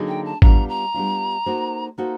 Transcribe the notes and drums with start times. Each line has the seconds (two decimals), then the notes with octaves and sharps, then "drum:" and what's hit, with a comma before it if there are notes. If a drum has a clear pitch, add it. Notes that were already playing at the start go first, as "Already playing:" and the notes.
Already playing: D3 F#3 A#3 D#4 G#4
0.08 G5
0.25 A5
0.42 G3 B3 D4 F4 A#5, drum: kick G#1
0.69 A#5
0.94 G3 B3 D4 F4
1.46 A#3 D#4 F#4 A4 C5
1.98 A#3 D#4 F#4 A4 C5